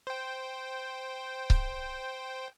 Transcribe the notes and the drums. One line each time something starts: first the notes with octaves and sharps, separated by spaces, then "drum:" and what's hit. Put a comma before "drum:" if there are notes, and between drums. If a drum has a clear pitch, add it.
C5 G5
drum: kick C#1